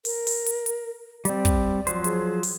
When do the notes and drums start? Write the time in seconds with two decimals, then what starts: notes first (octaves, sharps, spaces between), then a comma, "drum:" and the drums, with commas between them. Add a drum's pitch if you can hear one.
0.05 A#4, drum: open hi-hat
0.27 drum: open hi-hat
0.46 drum: hi-hat
0.66 drum: hi-hat
1.25 G3 C4 D5, drum: hi-hat
1.45 drum: kick, hi-hat
1.87 F3 F#3 C5, drum: hi-hat
2.04 G#4, drum: hi-hat
2.43 drum: open hi-hat